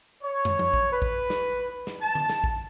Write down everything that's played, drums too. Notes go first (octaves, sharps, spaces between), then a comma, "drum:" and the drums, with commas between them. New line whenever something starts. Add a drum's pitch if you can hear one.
C#5
drum: tom
drum: tom F3
drum: kick A1
B4
drum: kick A1
drum: snare
drum: snare
A5
drum: tom D3
drum: snare
drum: kick A1